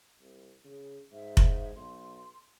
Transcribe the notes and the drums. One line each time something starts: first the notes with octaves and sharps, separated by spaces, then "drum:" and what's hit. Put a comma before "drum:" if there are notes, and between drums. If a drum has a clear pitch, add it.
C2
C#3
G#2 E5
drum: kick F1
B1 C6